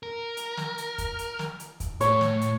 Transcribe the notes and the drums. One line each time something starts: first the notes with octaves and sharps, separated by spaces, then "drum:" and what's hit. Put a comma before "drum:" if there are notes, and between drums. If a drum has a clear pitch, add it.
A#4
drum: hi-hat
drum: snare
drum: hi-hat
drum: kick, hi-hat
drum: hi-hat
drum: snare
drum: hi-hat
drum: kick, hi-hat
A2 C#5, drum: hi-hat
drum: snare
drum: hi-hat